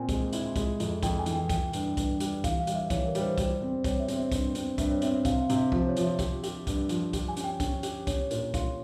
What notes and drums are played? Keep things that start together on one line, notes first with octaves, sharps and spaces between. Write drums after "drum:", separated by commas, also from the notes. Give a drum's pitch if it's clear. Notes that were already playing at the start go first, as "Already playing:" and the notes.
Already playing: A#2 C4 G#5
G#3, drum: kick, hi-hat
E4, drum: hi-hat
G#3, drum: kick, hi-hat
F2, drum: hi-hat
F2 G5, drum: kick, hi-hat
G#5
E3, drum: hi-hat
G5
E3 G5, drum: kick, hi-hat
G2, drum: hi-hat
G2, drum: kick, hi-hat
G3, drum: hi-hat
E3 F5, drum: kick, hi-hat
F5
G3, drum: hi-hat
E5
E3 C#5, drum: kick, hi-hat
A#4
G3, drum: hi-hat
C5
G3 C5, drum: kick, hi-hat
C4
G3 C#5, drum: kick, hi-hat
E5
C4, drum: hi-hat
E5
G2, drum: kick, hi-hat
C4, drum: hi-hat
G2 E5, drum: kick, hi-hat
C#5
C4 E5, drum: hi-hat
C3 F5, drum: kick, hi-hat
F5
C3, drum: hi-hat
F3 C5, drum: kick
C#5
F3, drum: hi-hat
E5
G4, drum: kick, hi-hat
G4, drum: hi-hat
G2, drum: kick, hi-hat
F3, drum: hi-hat
G4, drum: kick, hi-hat
G#5
C#4, drum: hi-hat
G5
C#4, drum: kick, hi-hat
G4, drum: hi-hat
C#4 C#5, drum: kick, hi-hat
A#2, drum: hi-hat
F4, drum: kick, hi-hat